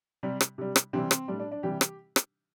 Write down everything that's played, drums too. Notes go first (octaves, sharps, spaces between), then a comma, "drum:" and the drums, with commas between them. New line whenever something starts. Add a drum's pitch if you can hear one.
C3 G3
drum: rim click
C3 G3
drum: rim click
C3 E3 G3 C4
drum: rim click
A2 G3 D4
D4
D4
C3 E3 G3 G4
drum: rim click
drum: rim click